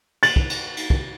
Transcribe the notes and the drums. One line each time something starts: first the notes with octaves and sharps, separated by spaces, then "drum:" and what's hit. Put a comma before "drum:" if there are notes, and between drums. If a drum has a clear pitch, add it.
A6 F#7, drum: cymbal
drum: kick
drum: cymbal
drum: cymbal
drum: kick